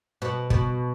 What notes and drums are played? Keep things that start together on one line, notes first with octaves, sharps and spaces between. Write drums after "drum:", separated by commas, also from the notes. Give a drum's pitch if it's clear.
B2
B2, drum: kick